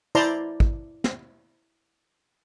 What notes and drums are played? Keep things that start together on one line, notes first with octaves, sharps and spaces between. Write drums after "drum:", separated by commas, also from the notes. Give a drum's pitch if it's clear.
E4 C5 D5 A5 A#5 C6, drum: tambourine
drum: kick
drum: snare